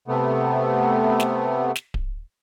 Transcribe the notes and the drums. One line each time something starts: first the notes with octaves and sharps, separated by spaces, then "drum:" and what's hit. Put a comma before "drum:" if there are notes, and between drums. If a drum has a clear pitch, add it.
C3 A3 B3
drum: snare
drum: snare
drum: kick D1